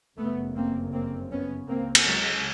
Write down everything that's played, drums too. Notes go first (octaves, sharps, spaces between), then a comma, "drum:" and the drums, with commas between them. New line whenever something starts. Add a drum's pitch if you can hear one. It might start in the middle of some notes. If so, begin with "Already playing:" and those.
G1 F#2 C#3 A3 B3
A#3 C4
A#3 C4
B3 C#4
C#2 C#3 A#3 C4
drum: cymbal
F#3 G#3